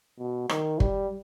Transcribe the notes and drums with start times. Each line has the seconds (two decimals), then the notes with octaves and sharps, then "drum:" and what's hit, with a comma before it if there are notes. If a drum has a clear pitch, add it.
0.19 B2
0.49 D#3, drum: rim click
0.80 G3, drum: kick G1